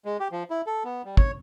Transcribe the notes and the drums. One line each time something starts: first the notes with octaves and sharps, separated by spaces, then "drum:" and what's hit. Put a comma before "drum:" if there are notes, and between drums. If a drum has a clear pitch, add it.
G#3
G4
F3
E4
A4
B3
G3
C#5, drum: kick